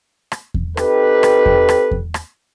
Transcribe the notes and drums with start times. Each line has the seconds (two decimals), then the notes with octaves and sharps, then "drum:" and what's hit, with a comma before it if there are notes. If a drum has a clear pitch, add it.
0.32 drum: rim click
0.54 drum: kick E2
0.77 C4 D#4 G4 A4 B4, drum: rim click
1.23 drum: rim click
1.46 drum: kick E2
1.69 drum: rim click
1.91 drum: kick E2
2.14 drum: rim click